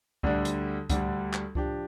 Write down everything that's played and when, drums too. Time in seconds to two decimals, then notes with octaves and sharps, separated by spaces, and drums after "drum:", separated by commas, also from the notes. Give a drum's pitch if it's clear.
0.23 D2 D3 G3 D4, drum: kick C#2
0.45 drum: hi-hat
0.90 D2 D3 G3 D4, drum: kick C#2, hi-hat
1.34 drum: clap
1.55 F3 D4 G4, drum: kick C#2